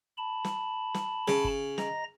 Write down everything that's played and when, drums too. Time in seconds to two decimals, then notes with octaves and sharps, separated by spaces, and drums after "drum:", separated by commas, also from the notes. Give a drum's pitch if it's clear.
0.17 A5 B5
0.44 drum: snare
0.94 drum: snare
1.28 C#3, drum: snare
1.44 drum: kick G1
1.78 D#5 A#5 A#6, drum: snare